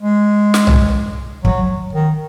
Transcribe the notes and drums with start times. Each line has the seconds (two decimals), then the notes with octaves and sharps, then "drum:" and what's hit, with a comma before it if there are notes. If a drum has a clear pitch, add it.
0.01 G#3
0.54 drum: snare
0.67 drum: tom B1
1.45 F#3, drum: kick
1.93 D#3